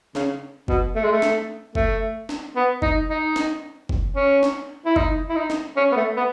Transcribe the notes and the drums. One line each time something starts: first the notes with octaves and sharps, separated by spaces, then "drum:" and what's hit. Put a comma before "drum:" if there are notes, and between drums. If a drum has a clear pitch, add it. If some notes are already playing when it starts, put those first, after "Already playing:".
C#3, drum: snare
B2, drum: kick
A3
G#3
A3
drum: snare
A3, drum: kick
drum: snare
B3
D#4, drum: kick
D#4
drum: snare
drum: kick
C#4
drum: snare
E4
D#4, drum: kick
E4
D#4
drum: snare
C#4
B3
A3
B3